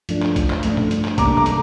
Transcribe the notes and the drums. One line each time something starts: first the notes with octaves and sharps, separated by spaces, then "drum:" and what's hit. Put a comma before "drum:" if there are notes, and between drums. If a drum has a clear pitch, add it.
G2 F3 A3 D4, drum: hi-hat
drum: clap
drum: kick, hi-hat
drum: clap
G2 F3 A3 D4, drum: hi-hat
drum: tom
drum: hi-hat
drum: clap
C3 G3 A#3 D4 A#5 D6, drum: kick, hi-hat
A#5 D6
drum: hi-hat